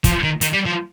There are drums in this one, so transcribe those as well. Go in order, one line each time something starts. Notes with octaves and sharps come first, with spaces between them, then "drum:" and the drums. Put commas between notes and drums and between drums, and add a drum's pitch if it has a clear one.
F3, drum: kick, hi-hat
D#3
D#3, drum: hi-hat
G3
F3